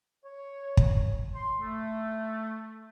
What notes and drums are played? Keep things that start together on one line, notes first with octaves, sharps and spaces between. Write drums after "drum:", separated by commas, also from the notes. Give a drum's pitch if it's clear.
C#5
drum: kick
C6
A3